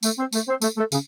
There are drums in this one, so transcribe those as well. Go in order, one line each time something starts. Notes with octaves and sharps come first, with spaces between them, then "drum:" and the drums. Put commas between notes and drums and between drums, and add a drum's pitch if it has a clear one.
A3 A4, drum: tambourine
C4 C5
A3 A4, drum: tambourine
C4 C5
A3 A4, drum: tambourine
A3 A4
C#3 C#4, drum: tambourine